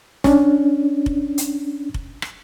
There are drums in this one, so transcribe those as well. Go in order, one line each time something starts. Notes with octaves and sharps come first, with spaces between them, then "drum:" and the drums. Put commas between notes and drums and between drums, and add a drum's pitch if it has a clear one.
C#4 D4, drum: snare
drum: kick F1
drum: hi-hat
drum: kick F1
drum: rim click